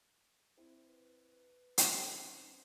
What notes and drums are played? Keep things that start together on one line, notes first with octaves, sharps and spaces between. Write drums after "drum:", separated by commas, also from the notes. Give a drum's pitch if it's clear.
C4 E4
B4
drum: hi-hat
C4 C#4